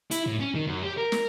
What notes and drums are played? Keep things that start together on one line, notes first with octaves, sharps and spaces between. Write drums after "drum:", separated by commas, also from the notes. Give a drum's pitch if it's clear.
E4, drum: hi-hat
A2
C#4
D#3
F#2
G4
A#4
drum: snare